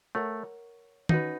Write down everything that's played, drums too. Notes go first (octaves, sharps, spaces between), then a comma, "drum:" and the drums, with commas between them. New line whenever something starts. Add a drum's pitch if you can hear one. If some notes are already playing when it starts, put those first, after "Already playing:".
A3 A#4 C#5 F#5
C#4 D#4 F#4 B4, drum: tom